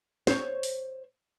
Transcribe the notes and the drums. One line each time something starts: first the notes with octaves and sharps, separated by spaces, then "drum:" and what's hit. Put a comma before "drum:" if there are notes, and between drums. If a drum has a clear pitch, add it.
C5 C#5, drum: snare
drum: open hi-hat